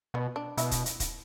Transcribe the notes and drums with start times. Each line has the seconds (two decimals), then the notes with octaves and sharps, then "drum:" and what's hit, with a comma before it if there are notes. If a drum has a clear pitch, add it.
0.14 B2 B3
0.36 D4
0.57 B2 E4, drum: hi-hat
0.71 drum: kick, hi-hat
0.86 drum: hi-hat
1.00 drum: kick, hi-hat